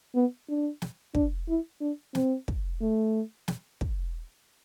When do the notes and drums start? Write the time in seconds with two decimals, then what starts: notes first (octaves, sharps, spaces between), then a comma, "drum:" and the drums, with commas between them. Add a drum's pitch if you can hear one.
0.15 B3
0.49 D4
0.82 drum: snare
1.15 D4, drum: kick
1.48 E4
1.81 D4
2.15 C4, drum: snare
2.48 drum: kick
2.81 A3
3.48 drum: snare
3.81 drum: kick